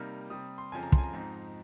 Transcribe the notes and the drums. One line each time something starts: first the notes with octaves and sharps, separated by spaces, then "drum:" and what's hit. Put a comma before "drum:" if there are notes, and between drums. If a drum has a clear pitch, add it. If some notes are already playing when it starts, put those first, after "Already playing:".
Already playing: C3 G3 A#3 D#4 F6
C3 G3 C4 D#6
C6
F2 C#3 F3 G#5
A#5
C6, drum: kick
G#5
A#5
G#2 F3 C4 D#4